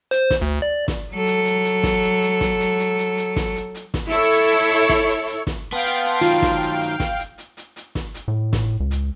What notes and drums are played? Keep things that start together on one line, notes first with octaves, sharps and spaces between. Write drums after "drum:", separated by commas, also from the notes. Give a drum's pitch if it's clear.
C5, drum: hi-hat
drum: snare
D2
D5
drum: snare
F#3 A4
drum: hi-hat
drum: hi-hat
drum: hi-hat
drum: snare
drum: hi-hat
drum: hi-hat
drum: snare
drum: hi-hat
drum: hi-hat
drum: hi-hat
drum: hi-hat
drum: snare
drum: hi-hat
drum: hi-hat
drum: snare
E4 A4 C#5
drum: hi-hat
drum: hi-hat
drum: hi-hat
drum: snare
drum: hi-hat
drum: hi-hat
drum: snare
B3 F5 G5 A5 C6 D7
drum: hi-hat
drum: hi-hat
D#3 F#3 F4, drum: hi-hat
drum: snare
drum: hi-hat
drum: hi-hat
drum: snare
drum: hi-hat
drum: hi-hat
drum: hi-hat
drum: hi-hat
drum: snare
drum: hi-hat
A2
drum: snare
C#2
drum: hi-hat